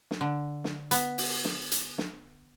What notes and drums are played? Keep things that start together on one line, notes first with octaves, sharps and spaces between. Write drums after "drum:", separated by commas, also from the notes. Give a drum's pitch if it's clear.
drum: snare
D3
drum: snare
B3, drum: hi-hat
drum: open hi-hat
drum: snare
drum: hi-hat
drum: snare